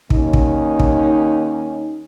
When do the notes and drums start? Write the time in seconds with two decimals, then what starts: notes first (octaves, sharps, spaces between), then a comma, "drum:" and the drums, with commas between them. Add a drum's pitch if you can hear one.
0.10 D#2 C#4 D#4, drum: kick
0.33 drum: kick
0.80 drum: kick